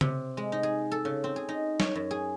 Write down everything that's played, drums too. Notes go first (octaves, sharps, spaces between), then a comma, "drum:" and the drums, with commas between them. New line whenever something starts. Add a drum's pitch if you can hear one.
C3, drum: tom C#3
G#3
D#4
G#4
A4
C#3
C4
G#4
D#4
C#5, drum: snare
F#2
G#4